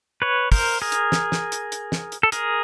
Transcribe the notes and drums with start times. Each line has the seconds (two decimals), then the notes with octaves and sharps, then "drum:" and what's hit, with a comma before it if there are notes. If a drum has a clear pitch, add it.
0.22 B4 C#5
0.52 A#4 C5, drum: kick, open hi-hat
0.82 G#4 A#4
0.92 drum: hi-hat
1.12 drum: snare
1.32 drum: snare
1.52 drum: hi-hat
1.72 drum: hi-hat
1.92 drum: snare
2.12 drum: hi-hat
2.23 A4
2.32 G#4 A#4, drum: hi-hat